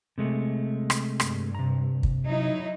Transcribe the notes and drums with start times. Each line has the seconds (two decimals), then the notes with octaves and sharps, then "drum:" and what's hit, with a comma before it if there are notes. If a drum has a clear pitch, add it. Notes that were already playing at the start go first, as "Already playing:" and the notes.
0.18 C3 G#3 A3
0.90 drum: rim click
1.20 G2, drum: rim click
1.55 C3 A#5
2.03 drum: kick
2.24 F#3 D#4 E4